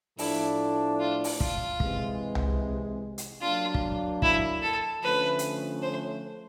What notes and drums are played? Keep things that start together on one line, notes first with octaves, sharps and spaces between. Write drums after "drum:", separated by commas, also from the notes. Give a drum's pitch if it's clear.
A2 F3 A3 D4 E4, drum: open hi-hat
F4
drum: open hi-hat
F4, drum: kick
C3 E3 G#3, drum: kick
drum: tom C2
drum: hi-hat
F#3 A#3 D4 F4
drum: kick
E4, drum: kick
A4
D3 F3 A3 C#4 B4
drum: hi-hat
C5